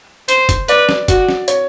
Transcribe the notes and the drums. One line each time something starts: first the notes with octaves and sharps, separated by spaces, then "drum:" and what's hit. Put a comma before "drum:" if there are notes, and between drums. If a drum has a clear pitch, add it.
C5, drum: hi-hat
drum: kick, hi-hat
B4 D5, drum: hi-hat
drum: snare
F#4, drum: kick, hi-hat
drum: snare
C#5, drum: hi-hat